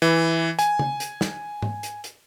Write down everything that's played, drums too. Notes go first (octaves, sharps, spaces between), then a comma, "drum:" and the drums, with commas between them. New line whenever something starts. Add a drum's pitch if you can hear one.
E3
G#5, drum: hi-hat
drum: tom C#3
drum: hi-hat
drum: snare
drum: tom G#2
drum: hi-hat
drum: hi-hat